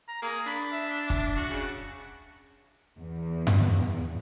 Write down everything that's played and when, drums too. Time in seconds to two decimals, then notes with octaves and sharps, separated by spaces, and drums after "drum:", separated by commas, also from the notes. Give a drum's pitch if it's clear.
0.08 A#5
0.22 A#3 G#4
0.46 D4 B5
0.72 E5
1.10 drum: kick
1.36 F#4
1.49 C#3
2.98 E2
3.47 drum: tom F#2